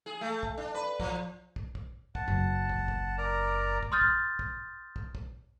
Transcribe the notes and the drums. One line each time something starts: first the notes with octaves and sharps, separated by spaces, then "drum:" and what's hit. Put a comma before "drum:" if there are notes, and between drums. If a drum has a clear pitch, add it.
G#4
A3
drum: kick
D4
B4
F3, drum: kick
drum: kick
drum: kick
F#5 A5, drum: kick
F#1
drum: kick
drum: kick
A#4 D5 A#5
drum: kick
C6 D#6 F6 G6 A6
drum: kick
drum: kick
drum: kick
drum: kick